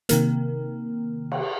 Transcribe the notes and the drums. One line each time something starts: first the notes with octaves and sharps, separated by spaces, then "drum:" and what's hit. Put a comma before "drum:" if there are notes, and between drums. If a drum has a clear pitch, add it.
C3 D#3 A#3, drum: hi-hat
drum: cymbal